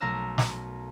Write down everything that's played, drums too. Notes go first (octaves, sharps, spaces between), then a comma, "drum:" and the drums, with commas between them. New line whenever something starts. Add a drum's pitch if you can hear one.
B1 A3 A#4 F5 A#5 E6
drum: snare